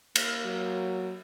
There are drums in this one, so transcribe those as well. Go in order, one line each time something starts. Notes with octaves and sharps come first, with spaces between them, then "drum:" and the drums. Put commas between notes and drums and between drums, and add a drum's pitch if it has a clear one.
A#3, drum: cymbal
F#3